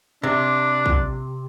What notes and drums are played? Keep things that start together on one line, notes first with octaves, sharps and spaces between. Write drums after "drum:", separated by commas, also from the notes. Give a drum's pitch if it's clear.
C3 D4
drum: kick